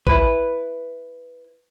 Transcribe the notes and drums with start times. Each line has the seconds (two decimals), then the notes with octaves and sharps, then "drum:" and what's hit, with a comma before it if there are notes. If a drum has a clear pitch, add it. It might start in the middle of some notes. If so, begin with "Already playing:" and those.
0.07 E4 B4, drum: kick A1